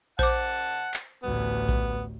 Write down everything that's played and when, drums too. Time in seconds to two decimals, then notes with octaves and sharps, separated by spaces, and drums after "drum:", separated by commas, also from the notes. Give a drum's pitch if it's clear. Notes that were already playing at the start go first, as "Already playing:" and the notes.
0.19 C5 F#5 A5 D6, drum: kick A#1
0.94 drum: clap
1.24 A1 D2 B3
1.69 drum: kick A#1, hi-hat